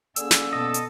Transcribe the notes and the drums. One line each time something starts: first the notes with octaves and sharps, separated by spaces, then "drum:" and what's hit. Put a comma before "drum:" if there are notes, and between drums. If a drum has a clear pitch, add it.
D3 A#3 C#4 G#4 E6, drum: hi-hat
drum: snare
B2 A4 D#5
drum: hi-hat